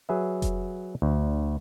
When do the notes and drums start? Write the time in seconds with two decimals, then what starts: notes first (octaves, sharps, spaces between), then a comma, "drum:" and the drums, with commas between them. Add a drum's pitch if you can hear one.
0.09 F#3 G#4 B4 E5
0.42 drum: kick F1, hi-hat
1.02 D2